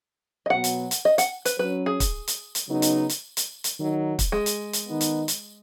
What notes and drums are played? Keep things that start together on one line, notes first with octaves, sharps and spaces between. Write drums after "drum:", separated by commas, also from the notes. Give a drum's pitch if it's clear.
D#5
B2 F#3 B3 F#5
drum: hi-hat
drum: hi-hat
D#5
F#5, drum: hi-hat
B4, drum: hi-hat
F#3 B4
C#4
G#4
drum: kick, hi-hat
drum: hi-hat
drum: hi-hat
C#3 F#3 B3 D#4
drum: hi-hat
drum: hi-hat
drum: hi-hat
drum: hi-hat
D#3 F#3 D#4
drum: kick, hi-hat
G#3
drum: hi-hat
drum: hi-hat
D#3 B3 D#4
drum: hi-hat
drum: hi-hat